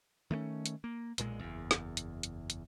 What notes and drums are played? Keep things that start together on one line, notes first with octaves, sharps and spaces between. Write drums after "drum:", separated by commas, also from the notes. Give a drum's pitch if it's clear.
D#3 A3 A#3 C#4
drum: hi-hat
A#3
B1 A#2 G#3, drum: hi-hat
F#1 E2
drum: snare
drum: hi-hat
drum: hi-hat
drum: hi-hat